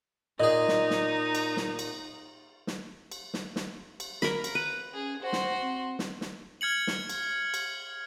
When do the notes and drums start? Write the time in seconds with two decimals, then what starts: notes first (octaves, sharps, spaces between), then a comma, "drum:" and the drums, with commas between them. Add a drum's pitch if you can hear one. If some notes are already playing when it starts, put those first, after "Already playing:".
0.40 A#2 D#4 G#4 D#5
0.68 drum: snare
0.90 drum: snare
1.35 drum: cymbal
1.57 drum: snare
1.79 drum: cymbal
2.67 drum: snare
3.12 drum: cymbal
3.34 drum: snare
3.56 drum: snare
4.00 drum: cymbal
4.22 A#4 B5, drum: snare
4.44 drum: cymbal
4.55 B4
4.93 C#4 G#4
5.22 F#4 C5 C6
5.33 drum: snare
5.62 C4
5.99 drum: snare
6.21 drum: snare
6.61 F6 G#6 C#7 F#7
6.87 drum: snare
7.09 drum: cymbal
7.54 drum: cymbal